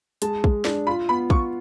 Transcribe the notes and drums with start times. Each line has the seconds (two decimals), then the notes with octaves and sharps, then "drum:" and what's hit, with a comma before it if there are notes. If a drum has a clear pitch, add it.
0.22 G#3 A5, drum: hi-hat
0.44 G#3, drum: kick
0.65 D4, drum: snare
0.87 F4 B5
1.09 B3 B5
1.30 F4 C#6, drum: kick